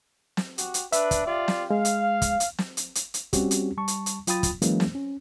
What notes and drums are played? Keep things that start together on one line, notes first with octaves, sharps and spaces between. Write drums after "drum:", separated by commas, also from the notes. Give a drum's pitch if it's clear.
drum: snare
F#4 G4, drum: hi-hat
drum: hi-hat
D4 B4 E5, drum: hi-hat
drum: kick, hi-hat
F4 G4 D5
drum: snare
G#3 F5
drum: hi-hat
drum: kick, hi-hat
drum: hi-hat
drum: snare
drum: hi-hat
drum: hi-hat
drum: hi-hat
G3 C4 C#4 F#4 G4, drum: kick, hi-hat
drum: hi-hat
G3 A5 C#6
drum: hi-hat
drum: hi-hat
F#3 F4 G5 B5 D#6 A6, drum: hi-hat
drum: kick, hi-hat
E3 F#3 G#3 A#3 C#4, drum: hi-hat
drum: snare
C#4